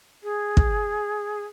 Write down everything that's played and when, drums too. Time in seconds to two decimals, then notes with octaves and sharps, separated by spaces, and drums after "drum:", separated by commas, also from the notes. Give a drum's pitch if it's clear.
0.23 G#4
0.57 drum: kick